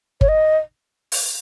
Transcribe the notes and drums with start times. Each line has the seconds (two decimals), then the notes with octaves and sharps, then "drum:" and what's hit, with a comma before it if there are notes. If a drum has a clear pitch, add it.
0.21 C#5, drum: kick G1
0.28 D#5
1.12 drum: open hi-hat